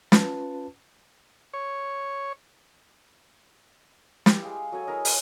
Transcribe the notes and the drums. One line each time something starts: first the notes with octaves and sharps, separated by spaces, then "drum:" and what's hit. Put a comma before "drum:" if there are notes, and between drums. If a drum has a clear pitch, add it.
C#4 F4 B4 A5, drum: snare
C#5
E4 G4, drum: snare
G#3 F5
F#3 A4 G#5
E4 G#4 A#4 D#5
C#5 A5, drum: open hi-hat